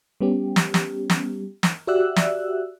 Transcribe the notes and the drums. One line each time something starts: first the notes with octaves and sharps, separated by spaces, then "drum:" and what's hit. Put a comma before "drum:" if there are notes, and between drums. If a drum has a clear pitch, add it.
G3 B3 C#4 G4
drum: snare
drum: snare
drum: snare
drum: snare
F#4 G4 D5 E5 E6 F#6
drum: snare